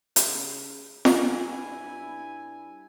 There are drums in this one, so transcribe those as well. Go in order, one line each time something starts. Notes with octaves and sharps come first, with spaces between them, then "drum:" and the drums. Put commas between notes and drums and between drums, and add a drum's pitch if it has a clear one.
C#3, drum: hi-hat
G2 E4 G#5, drum: snare